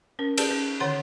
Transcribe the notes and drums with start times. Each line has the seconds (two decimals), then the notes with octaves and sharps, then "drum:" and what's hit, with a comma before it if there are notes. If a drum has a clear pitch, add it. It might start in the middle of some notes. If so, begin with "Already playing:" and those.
0.19 C#4 A#4
0.38 G4 G#4 B4 D5 A5, drum: cymbal
0.50 C#4
0.80 D3 D#3 C#5 F#5 C6